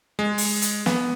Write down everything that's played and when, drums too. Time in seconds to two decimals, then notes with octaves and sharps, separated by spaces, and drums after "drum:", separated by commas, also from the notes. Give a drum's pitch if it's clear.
0.19 G#3
0.38 drum: open hi-hat
0.62 drum: hi-hat
0.86 B3, drum: snare